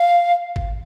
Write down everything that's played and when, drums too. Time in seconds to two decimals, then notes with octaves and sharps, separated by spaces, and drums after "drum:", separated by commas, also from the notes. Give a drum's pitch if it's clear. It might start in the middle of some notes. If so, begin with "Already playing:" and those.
Already playing: F5
0.56 drum: kick G#1